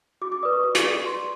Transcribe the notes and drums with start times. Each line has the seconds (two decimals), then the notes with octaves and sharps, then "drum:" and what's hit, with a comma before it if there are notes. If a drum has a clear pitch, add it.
0.22 F#4 D6
0.32 D6
0.43 B4 D5 D#6
0.53 C#6
0.63 F#4 C#6
0.75 D6, drum: hi-hat
0.85 B4 D5
0.96 C#6
1.06 F#4 C6